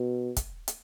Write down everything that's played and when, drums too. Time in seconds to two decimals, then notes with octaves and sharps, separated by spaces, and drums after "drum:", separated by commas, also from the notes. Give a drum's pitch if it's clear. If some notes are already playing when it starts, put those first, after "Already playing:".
Already playing: B2
0.37 drum: kick, hi-hat
0.68 drum: hi-hat